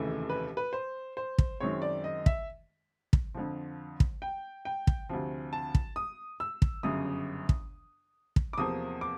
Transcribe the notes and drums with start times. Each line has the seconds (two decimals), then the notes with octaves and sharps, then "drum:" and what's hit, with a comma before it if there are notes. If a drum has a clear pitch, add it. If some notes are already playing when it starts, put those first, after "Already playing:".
Already playing: F1 D#2 C#3 E3 A3
0.30 B4
0.57 B4
0.73 C5
1.17 C5
1.38 drum: kick
1.60 F#2 D#3 G#3 C4 C#5
1.82 D5
2.04 D#5
2.26 E5, drum: kick
3.13 drum: kick
3.35 F2 D3 F3
4.00 drum: kick
4.22 G5
4.65 G5
4.87 drum: kick
5.09 D2 C3 F3
5.53 A5
5.75 drum: kick
5.96 D#6
6.40 E6
6.62 drum: kick
6.83 G1 F#2 C#3 D#6
7.49 drum: kick
8.36 drum: kick
8.53 D6
8.58 E2 C3 F3 A#3 D#6
9.01 D6